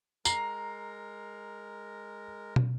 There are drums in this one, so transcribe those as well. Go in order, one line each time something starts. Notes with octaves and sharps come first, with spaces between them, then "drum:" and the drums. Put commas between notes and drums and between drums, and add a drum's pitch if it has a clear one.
G#3 A#4 A#5 C7, drum: tambourine
drum: tom